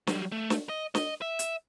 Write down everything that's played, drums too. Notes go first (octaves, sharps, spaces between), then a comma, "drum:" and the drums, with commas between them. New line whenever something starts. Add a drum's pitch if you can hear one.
F#3 G3, drum: snare
A3
drum: snare
D#5
D#5, drum: snare
E5
drum: hi-hat